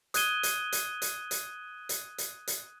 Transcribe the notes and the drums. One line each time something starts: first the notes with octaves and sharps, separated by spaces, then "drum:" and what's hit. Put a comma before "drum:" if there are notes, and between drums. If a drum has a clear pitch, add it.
D#6 F#6 G#6 D#7 G7, drum: hi-hat
drum: hi-hat
drum: hi-hat
drum: hi-hat
drum: hi-hat
drum: hi-hat
drum: hi-hat
drum: hi-hat